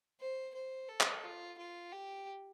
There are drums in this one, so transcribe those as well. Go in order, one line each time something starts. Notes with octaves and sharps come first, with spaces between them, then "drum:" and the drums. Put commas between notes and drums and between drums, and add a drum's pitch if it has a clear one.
C5
C5
A4
drum: clap
F4
F4
G4